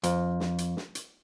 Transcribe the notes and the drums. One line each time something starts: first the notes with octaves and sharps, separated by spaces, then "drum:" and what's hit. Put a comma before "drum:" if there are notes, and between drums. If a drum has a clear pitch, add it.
F2, drum: hi-hat
drum: snare
drum: hi-hat
drum: snare
drum: hi-hat